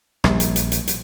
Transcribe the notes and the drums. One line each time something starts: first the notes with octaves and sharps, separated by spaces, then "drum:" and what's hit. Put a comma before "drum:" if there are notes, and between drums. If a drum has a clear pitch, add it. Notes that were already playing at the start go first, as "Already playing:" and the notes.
A#1 G3, drum: rim click
drum: hi-hat
drum: hi-hat
drum: hi-hat
drum: hi-hat